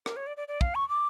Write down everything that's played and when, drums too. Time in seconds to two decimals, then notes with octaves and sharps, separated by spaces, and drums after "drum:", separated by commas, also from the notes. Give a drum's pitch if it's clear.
0.06 A#4, drum: rim click
0.16 C#5
0.27 D5
0.37 D5
0.48 D5
0.61 F5, drum: kick
0.75 C#6
0.89 D6